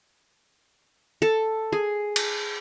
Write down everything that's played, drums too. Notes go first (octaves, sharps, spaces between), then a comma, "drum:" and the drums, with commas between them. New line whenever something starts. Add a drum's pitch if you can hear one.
A4
G#4
drum: cymbal